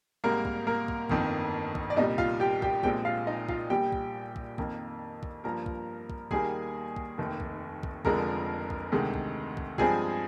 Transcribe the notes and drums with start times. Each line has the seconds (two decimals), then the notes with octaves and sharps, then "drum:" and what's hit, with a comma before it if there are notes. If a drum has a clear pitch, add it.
0.24 G#1 G#2 G3 A#3 A#4
0.45 drum: kick
0.67 A#3 A#4
0.88 drum: kick
1.09 G1 F2 D#3 A#3, drum: kick
1.75 drum: kick
1.90 D5
1.96 C2 A#2 G3 D#4 D#5
2.18 F4 F5, drum: kick
2.40 G4 G5
2.62 G4 G5, drum: kick
2.83 A#1 A#2 G#3 C4 G4 G5, drum: kick
3.05 F4 F5
3.27 D#4 D#5
3.49 F4 F5, drum: kick
3.70 A#1 A#2 G3 G4 G5
3.92 drum: kick
4.36 drum: kick
4.58 F2 D#3 A#3, drum: kick
5.23 drum: kick
5.44 G2 F3 A#3 A#4 A#5
5.66 drum: kick
6.10 drum: kick
6.31 D#2 D#3 G3 A#3 G#4 G#5, drum: kick
6.96 drum: kick
7.18 F1 D#2 D#3
7.40 drum: kick
7.83 drum: kick
8.05 F1 F2 D3 F3 G#3 A#4 A#5, drum: kick
8.70 drum: kick
8.92 D2 C3 D#3 G#3
9.14 drum: kick
9.57 drum: kick
9.78 G2 F3 G#3 C4 G#4 G#5, drum: kick